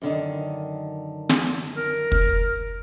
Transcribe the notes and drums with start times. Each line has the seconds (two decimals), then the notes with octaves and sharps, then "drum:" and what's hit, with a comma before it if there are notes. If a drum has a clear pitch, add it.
0.02 F#2 D3 D#3
1.29 drum: snare
1.75 A#4
2.12 drum: kick